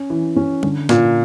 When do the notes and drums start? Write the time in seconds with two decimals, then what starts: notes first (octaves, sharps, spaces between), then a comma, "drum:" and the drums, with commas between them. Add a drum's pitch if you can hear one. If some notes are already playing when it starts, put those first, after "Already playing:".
Already playing: C#4
0.10 E3
0.36 C#4
0.63 D3, drum: tom G3
0.89 A#2 D3, drum: snare